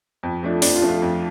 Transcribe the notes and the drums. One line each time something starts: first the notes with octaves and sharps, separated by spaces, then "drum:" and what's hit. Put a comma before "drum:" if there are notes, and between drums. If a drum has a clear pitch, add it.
F2
F3 A3 D4
F2 D4, drum: open hi-hat
F4
F3 A3 D4
F4
F2